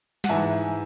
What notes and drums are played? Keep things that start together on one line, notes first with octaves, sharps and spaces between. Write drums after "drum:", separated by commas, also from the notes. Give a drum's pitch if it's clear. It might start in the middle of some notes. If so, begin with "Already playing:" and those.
F#5, drum: snare
G#2 E3 E5 G#5